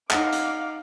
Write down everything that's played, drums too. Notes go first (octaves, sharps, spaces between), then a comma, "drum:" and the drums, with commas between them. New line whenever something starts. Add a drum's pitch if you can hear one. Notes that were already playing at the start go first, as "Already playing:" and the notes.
D#4 F5 F#5 D6, drum: clap
drum: hi-hat